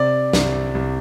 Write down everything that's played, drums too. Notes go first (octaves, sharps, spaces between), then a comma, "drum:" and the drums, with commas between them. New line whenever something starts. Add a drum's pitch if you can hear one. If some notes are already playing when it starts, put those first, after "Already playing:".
Already playing: C3 D5
C2, drum: snare
C2